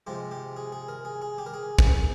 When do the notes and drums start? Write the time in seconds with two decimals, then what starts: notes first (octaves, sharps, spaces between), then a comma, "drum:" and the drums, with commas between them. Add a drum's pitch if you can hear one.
0.07 C3 F3 G#3 G4
0.31 G4
0.57 G#4
0.72 G#4
0.88 A#4
1.05 G#4
1.22 G#4
1.38 G4
1.46 A#4
1.54 G#4
1.79 drum: kick